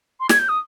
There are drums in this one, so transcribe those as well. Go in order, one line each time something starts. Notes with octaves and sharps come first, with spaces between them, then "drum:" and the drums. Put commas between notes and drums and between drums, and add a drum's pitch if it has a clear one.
C6
G#6, drum: snare
G6
D#6